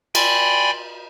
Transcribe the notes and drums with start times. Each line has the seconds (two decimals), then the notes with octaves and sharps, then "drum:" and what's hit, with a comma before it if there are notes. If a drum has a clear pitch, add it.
0.15 D5 G5 G#5 B5 C6, drum: cymbal